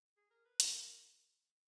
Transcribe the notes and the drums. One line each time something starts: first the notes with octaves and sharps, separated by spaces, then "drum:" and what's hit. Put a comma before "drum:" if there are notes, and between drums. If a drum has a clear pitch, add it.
G#4
A#4
B4
A#4, drum: hi-hat